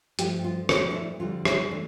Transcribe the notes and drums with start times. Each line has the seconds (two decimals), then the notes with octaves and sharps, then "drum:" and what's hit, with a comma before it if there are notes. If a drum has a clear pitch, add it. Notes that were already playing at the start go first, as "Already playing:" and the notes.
0.19 G2 F3 A3 G4, drum: hi-hat
0.44 F4
0.69 A#2 F3 A3 D4, drum: rim click
0.90 D4
0.95 E4
1.20 F2 D3 G3 F4
1.45 E4, drum: rim click
1.71 E3 A3 D4